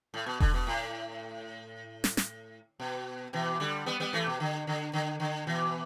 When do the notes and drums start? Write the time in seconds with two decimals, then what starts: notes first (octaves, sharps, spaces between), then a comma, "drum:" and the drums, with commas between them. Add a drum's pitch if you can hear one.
0.14 A2
0.26 B2
0.40 D3, drum: kick E1
0.54 B2
0.67 A2
2.04 drum: snare
2.17 drum: snare
2.80 B2
3.33 B2 E3
3.60 D3 G3
3.86 G3 B3
4.00 G3 B3
4.13 E3 A3
4.27 B2
4.40 D3
4.67 D3
4.93 D3
5.20 D3
5.47 B2 E3